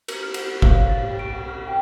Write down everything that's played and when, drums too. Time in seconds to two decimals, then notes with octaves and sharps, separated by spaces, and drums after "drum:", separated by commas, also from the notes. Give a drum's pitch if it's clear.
0.08 A#4, drum: cymbal
0.23 F6
0.34 F#5, drum: cymbal
0.46 F#6
0.62 F5, drum: kick
0.74 C#5
0.89 A6
1.02 G4
1.19 D7
1.31 F#5
1.49 F6
1.67 G5